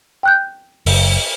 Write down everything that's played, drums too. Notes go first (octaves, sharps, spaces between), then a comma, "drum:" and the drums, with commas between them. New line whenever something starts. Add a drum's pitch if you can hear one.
G5 F#6 G6
F#1, drum: open hi-hat